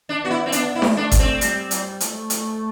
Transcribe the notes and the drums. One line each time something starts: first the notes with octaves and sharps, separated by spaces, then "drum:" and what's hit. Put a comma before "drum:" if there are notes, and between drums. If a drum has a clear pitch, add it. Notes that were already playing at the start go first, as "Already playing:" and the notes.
D4
B3 F#4
E4
C4
B3 D4, drum: hi-hat
E4
A3, drum: snare D4
D4
A3, drum: kick G1, hi-hat
C4
G3, drum: hi-hat
G3, drum: hi-hat
A3, drum: hi-hat
drum: hi-hat